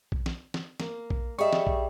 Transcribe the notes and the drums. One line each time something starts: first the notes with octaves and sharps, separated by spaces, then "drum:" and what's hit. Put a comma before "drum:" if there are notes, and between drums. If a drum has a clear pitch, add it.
drum: kick A#1
drum: snare
drum: snare
A#3, drum: snare
drum: kick A#1
G3 G#4 D#5 E5 A5 C#6
drum: snare
drum: kick A#1